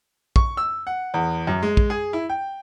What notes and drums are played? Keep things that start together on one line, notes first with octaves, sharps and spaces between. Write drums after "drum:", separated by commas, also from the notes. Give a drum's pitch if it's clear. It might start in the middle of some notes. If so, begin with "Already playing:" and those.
C#6, drum: kick
E6
F#5
E2
F#2
G#3
drum: kick
G#4
E4
G5